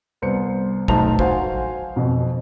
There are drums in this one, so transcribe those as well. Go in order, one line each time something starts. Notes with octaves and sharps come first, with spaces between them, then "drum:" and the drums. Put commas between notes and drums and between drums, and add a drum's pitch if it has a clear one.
C2 B3 C5 C#7
B1 A3 D#4 C5 A5 F7, drum: kick
F#4 C5 F5 F#5 G#5, drum: kick
F2 B2